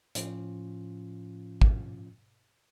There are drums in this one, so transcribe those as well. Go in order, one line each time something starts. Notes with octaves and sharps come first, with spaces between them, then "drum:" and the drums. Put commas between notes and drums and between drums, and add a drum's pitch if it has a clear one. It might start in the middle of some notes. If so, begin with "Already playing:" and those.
A2 F3 C#4 F4, drum: hi-hat
drum: kick